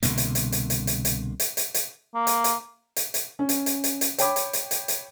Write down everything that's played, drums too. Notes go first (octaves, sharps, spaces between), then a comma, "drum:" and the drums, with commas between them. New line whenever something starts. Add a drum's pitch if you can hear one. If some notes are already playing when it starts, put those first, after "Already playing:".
C2 B2 D3 A#3, drum: hi-hat
drum: hi-hat
drum: hi-hat
drum: hi-hat
drum: hi-hat
drum: hi-hat
drum: hi-hat
drum: hi-hat
drum: hi-hat
drum: hi-hat
A#3
drum: hi-hat
drum: hi-hat
drum: hi-hat
drum: hi-hat
C#4
drum: hi-hat
drum: hi-hat
drum: hi-hat
drum: hi-hat
C#5 G5 B5 D6, drum: hi-hat
drum: hi-hat
drum: hi-hat
drum: hi-hat
drum: hi-hat